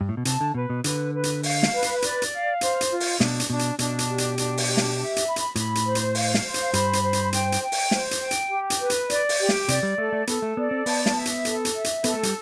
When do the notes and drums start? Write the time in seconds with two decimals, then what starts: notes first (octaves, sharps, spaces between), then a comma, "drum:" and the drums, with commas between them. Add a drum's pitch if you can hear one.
0.01 G2
0.09 A2
0.17 B2
0.25 C3 A5, drum: hi-hat
0.41 D3
0.54 B2 B4
0.70 B2
0.84 D3 B4, drum: hi-hat
1.14 B4
1.23 drum: hi-hat
1.43 F5, drum: open hi-hat
1.63 drum: snare
1.73 B4
1.82 drum: hi-hat
2.02 D5, drum: hi-hat
2.22 drum: hi-hat
2.32 F5
2.61 C5, drum: hi-hat
2.81 drum: hi-hat
2.90 F4
3.00 drum: open hi-hat
3.20 B2 D4, drum: snare
3.40 drum: hi-hat
3.50 B2 D4
3.59 drum: hi-hat
3.79 B2 D4, drum: hi-hat
3.99 drum: hi-hat
4.08 G4
4.18 drum: hi-hat
4.38 D4, drum: hi-hat
4.57 drum: open hi-hat
4.67 G4
4.77 drum: snare
4.96 E5
5.16 drum: hi-hat
5.26 B5
5.36 drum: hi-hat
5.56 A2 B5, drum: hi-hat
5.75 drum: hi-hat
5.85 C5
5.95 drum: hi-hat
6.15 F5, drum: open hi-hat
6.34 drum: snare
6.44 C5
6.54 drum: hi-hat
6.73 G2 B5, drum: hi-hat
6.93 drum: hi-hat
7.03 C5
7.13 drum: hi-hat
7.33 G5, drum: hi-hat
7.52 drum: hi-hat
7.62 G5
7.72 drum: open hi-hat
7.91 C5, drum: snare
8.11 drum: hi-hat
8.21 G5
8.31 drum: hi-hat
8.50 G4
8.70 drum: hi-hat
8.80 B4
8.90 drum: hi-hat
9.10 D5, drum: hi-hat
9.29 drum: open hi-hat
9.39 G4
9.49 drum: snare
9.68 C3 D5, drum: hi-hat
9.83 G3
9.98 A3 A4
10.12 A3
10.27 B3 A4, drum: hi-hat
10.42 A3
10.57 B3 D5
10.71 C4
10.86 B3 A5, drum: open hi-hat
11.06 drum: snare
11.15 E5
11.25 drum: hi-hat
11.45 A4, drum: hi-hat
11.65 drum: hi-hat
11.75 E5
11.84 drum: hi-hat
12.04 B3 A4, drum: hi-hat
12.14 A3
12.23 G3, drum: hi-hat